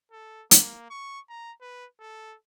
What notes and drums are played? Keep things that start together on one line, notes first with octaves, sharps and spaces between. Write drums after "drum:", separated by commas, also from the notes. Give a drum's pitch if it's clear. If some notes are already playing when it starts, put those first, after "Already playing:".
A4
A#3, drum: hi-hat
C#6
A#5
B4
A4